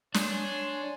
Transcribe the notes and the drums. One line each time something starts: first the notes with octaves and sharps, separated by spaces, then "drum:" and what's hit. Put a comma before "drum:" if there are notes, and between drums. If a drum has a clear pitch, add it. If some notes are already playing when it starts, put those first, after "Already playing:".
D4 C#5 G#5 C6, drum: snare